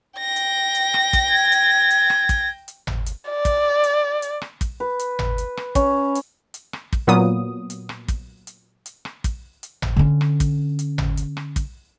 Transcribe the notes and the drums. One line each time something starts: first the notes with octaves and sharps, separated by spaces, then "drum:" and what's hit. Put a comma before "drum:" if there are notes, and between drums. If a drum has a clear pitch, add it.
G5 A#6
drum: hi-hat
drum: hi-hat
drum: rim click
drum: kick, hi-hat
G#6
drum: hi-hat
drum: hi-hat
drum: rim click
drum: kick, hi-hat
drum: hi-hat
drum: tom G#1
drum: hi-hat
D5
drum: kick, hi-hat
drum: hi-hat
drum: hi-hat
drum: rim click
drum: kick, hi-hat
B4
drum: hi-hat
drum: tom G#1
drum: hi-hat
drum: rim click
C#4, drum: kick, hi-hat
drum: hi-hat
drum: hi-hat
drum: rim click
drum: kick
A#2 F#3 A#3 B3 D#6
drum: hi-hat
drum: rim click
drum: kick, hi-hat
drum: hi-hat
drum: hi-hat
drum: rim click
drum: kick, hi-hat
drum: hi-hat
drum: tom G#1
D3 C#4
drum: rim click
drum: kick, hi-hat
drum: hi-hat
drum: tom G#1
drum: hi-hat
drum: rim click
drum: kick, hi-hat